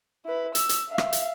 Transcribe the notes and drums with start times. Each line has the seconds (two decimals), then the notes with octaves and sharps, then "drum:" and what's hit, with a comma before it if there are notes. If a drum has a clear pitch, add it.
0.25 E4 B4
0.55 E6, drum: hi-hat
0.69 drum: hi-hat
0.89 E5 F5
0.98 drum: rim click
1.13 drum: hi-hat